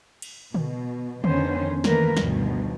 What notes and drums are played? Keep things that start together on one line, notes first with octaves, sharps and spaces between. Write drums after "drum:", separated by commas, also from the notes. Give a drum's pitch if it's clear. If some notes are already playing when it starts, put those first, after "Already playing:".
drum: cymbal
B2, drum: tom
F2 D3 D#3 B3 C#4 C5, drum: tom
D#3 E3 A3 A#3 A#4 B4, drum: snare
D2 G2 B2 D#3 F3, drum: snare